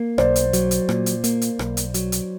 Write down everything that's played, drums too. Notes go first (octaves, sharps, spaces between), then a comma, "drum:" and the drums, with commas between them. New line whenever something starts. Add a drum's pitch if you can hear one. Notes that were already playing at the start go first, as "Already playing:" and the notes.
Already playing: A#3
B1 C5 D5, drum: rim click
drum: hi-hat
F#3, drum: hi-hat
drum: hi-hat
A#2, drum: rim click
drum: hi-hat
A#3, drum: hi-hat
drum: hi-hat
B1, drum: rim click
drum: hi-hat
F#3, drum: hi-hat
drum: hi-hat